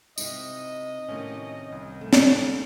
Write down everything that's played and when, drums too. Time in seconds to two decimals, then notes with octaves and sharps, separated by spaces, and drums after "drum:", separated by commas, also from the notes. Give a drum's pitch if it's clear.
0.18 C3 D#4 E4 D#5, drum: tambourine
1.09 A2 C3 D#3 A3 A#3 C#4
1.72 C2
2.01 G#2 A3
2.13 drum: snare